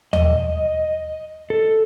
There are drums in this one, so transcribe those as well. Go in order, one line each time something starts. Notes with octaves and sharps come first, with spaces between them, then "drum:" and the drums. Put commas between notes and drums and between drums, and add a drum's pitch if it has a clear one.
D#5, drum: tom D#2
A4